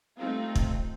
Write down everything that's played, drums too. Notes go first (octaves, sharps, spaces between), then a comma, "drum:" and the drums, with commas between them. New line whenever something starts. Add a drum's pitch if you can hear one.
G3 A3 C4 D#4 F4
drum: kick